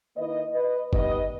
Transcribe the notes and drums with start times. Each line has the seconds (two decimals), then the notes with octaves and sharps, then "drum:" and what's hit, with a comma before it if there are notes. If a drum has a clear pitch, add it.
0.16 D#3 A#3 E4 B4 D#5
0.55 B4 D#5
0.93 G3 B3 D#4 B4 D#5, drum: kick G1